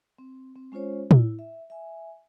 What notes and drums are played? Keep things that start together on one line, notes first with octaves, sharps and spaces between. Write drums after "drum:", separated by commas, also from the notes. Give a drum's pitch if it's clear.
C4
C4
G#3 C#4 F4 C5 C#5
E4, drum: tom
E5
E5 G#5